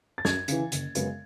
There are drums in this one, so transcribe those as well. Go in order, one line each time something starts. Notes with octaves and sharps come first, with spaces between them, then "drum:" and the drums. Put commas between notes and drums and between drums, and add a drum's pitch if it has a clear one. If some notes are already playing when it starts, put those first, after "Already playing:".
A6
F#2 G#6, drum: snare
C#3 E3, drum: hi-hat
F#1, drum: hi-hat
F#2 C#3 G#3 B3, drum: hi-hat